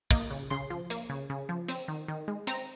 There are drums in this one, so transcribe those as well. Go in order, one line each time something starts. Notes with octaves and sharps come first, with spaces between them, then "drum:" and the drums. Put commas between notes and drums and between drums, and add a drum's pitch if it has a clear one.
A#3 D#5, drum: kick
C#3
C#3 C6
F3
A#3, drum: hi-hat
C#3
C#3
F3
C4, drum: hi-hat
D#3
D#3
G#3
C4 A#5, drum: hi-hat